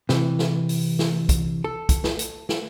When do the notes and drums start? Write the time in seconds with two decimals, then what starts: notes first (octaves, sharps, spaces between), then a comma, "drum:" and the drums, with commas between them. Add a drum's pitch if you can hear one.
0.09 C3 E3, drum: snare
0.39 drum: snare
0.69 drum: open hi-hat
0.99 drum: snare
1.29 drum: kick, hi-hat
1.64 A4
1.89 drum: kick, hi-hat
2.04 drum: snare
2.19 drum: hi-hat
2.49 drum: snare